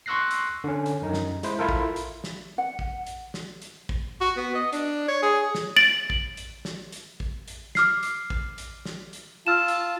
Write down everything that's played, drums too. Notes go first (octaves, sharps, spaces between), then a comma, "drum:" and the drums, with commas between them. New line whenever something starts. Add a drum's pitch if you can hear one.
C6 C#6 E6 F#6 A#6 C7
drum: hi-hat
D3 C#4
drum: hi-hat
F#2 D#4
drum: snare
G#3 E4 C5, drum: hi-hat
E4 F4 A4 A#4
drum: kick A1
drum: hi-hat
drum: snare
F#5
drum: kick A1
drum: hi-hat
drum: snare
drum: hi-hat
drum: kick A1
F#4
B3
D#5
D4, drum: hi-hat
C#5
G#4
drum: snare
A6 D7 F#7
drum: kick A1
drum: hi-hat
drum: snare
drum: hi-hat
drum: kick A1
drum: hi-hat
D6 F6 C7, drum: snare
drum: hi-hat
drum: kick A1
drum: hi-hat
drum: snare
drum: hi-hat
F4 A5 E6 F6 E7
drum: hi-hat